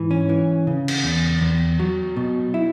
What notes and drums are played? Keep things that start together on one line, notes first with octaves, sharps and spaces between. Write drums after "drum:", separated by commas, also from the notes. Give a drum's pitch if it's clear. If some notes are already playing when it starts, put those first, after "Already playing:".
Already playing: G#2 E3
C#4
E3
C#3
drum: cymbal
E2
E2
F#3
B2
E4